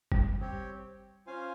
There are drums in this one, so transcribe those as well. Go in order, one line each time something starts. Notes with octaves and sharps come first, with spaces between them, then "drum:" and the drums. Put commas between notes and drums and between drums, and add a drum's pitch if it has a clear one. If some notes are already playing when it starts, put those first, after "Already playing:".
G3, drum: kick
C4 G4 C#5 G5
C#4 F4 C5 F5 G#5